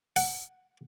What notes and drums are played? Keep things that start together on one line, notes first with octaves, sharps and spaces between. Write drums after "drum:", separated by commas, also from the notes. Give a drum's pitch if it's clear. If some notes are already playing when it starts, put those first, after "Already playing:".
F#5, drum: open hi-hat